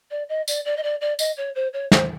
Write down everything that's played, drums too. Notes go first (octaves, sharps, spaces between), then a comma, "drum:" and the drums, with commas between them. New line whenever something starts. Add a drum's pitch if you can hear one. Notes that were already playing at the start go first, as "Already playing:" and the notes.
D5
D#5
D5, drum: tambourine
D5
D#5
D5
D5
D#5, drum: tambourine
C#5
C5
C#5
C5, drum: snare